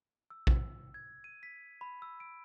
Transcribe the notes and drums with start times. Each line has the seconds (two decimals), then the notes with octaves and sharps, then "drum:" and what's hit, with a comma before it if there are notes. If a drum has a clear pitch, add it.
0.30 E6
0.47 drum: kick A#1
0.94 G#6
1.24 D#7
1.43 B6
1.81 B5
2.02 E6
2.20 D7